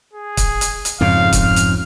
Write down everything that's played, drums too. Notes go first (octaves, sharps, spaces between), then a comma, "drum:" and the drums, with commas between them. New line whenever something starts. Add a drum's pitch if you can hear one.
G#4
drum: kick, hi-hat
drum: hi-hat
drum: hi-hat
F2 G#2 C#3 F5
drum: kick, hi-hat
F6
drum: hi-hat